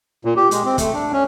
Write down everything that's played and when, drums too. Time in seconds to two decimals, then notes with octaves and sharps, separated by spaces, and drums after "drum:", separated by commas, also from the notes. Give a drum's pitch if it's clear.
0.25 A#2
0.36 G4
0.51 G#3, drum: hi-hat
0.65 C4
0.78 A3, drum: kick, hi-hat
0.94 D4
1.12 C#4